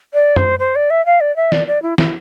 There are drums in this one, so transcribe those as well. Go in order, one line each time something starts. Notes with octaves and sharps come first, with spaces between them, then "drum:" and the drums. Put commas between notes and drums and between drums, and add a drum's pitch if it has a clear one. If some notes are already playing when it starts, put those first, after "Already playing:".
D5
C5, drum: tom F#2
C5
D5
E5
F5
D5
E5
D5, drum: snare
D5
E4
E4, drum: snare